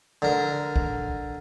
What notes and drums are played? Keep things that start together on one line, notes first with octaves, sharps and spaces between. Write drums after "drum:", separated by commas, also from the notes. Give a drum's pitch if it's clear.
D3 A#4
drum: kick B1